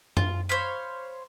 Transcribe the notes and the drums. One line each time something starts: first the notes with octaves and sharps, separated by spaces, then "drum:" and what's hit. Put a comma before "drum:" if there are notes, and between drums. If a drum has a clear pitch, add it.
F4, drum: tom F#2
C5 C#5 F5 B5